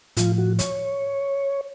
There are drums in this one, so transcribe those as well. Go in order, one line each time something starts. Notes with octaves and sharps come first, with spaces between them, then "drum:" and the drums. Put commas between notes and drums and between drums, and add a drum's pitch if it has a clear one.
A2 F3 F4, drum: hi-hat
F#4
C#5, drum: hi-hat